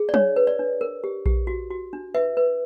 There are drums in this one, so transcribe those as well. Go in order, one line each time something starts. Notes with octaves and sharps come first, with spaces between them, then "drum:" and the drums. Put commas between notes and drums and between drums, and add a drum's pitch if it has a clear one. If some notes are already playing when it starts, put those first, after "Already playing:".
Already playing: G#4
D5
D4 C#5, drum: tom
B4
D5
D4
A#4
G4
G4, drum: kick A#1
F#4
F#4
D4
B4 E5
B4